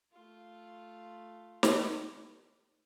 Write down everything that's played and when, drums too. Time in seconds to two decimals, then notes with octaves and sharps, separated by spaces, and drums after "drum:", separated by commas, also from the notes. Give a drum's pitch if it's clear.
0.12 A3 F4
1.63 drum: snare